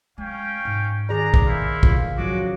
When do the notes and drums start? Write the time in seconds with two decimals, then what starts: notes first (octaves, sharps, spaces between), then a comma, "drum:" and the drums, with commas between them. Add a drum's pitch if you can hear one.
0.18 G#3 C#4 F5 G5
0.65 G#2
1.09 D#3 D4 G#4 D5 A#5
1.34 drum: kick
1.46 E4 C5 F5
1.83 G#1 F#2 F4, drum: kick
2.17 C#3 F3 F#3 G#3 F#4 D6